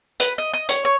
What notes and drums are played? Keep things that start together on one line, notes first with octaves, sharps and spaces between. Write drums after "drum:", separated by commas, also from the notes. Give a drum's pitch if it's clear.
B4, drum: hi-hat
D#5
D#5
C#5, drum: hi-hat
C#5